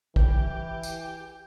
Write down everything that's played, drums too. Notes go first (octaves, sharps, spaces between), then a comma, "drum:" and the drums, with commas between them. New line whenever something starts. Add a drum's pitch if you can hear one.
E3 G4, drum: kick
drum: tambourine